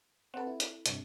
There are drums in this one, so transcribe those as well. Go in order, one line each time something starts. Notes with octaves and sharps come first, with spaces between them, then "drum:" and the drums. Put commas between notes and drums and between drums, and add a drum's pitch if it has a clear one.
C4 A4 B4 F#5
E4
drum: hi-hat
G2 C3, drum: hi-hat